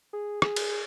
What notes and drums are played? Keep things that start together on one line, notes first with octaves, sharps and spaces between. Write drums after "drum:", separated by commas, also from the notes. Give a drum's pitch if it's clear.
G#4
G#4, drum: rim click
drum: cymbal